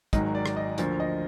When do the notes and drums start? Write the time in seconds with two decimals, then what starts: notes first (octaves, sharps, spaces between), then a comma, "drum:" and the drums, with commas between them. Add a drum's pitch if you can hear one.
0.13 G#1 G#2 D#3 F#3 D#5, drum: kick, hi-hat
0.35 D5
0.46 drum: rim click
0.56 D#5
0.78 D2 D3 F3 A#3, drum: hi-hat
1.00 D#5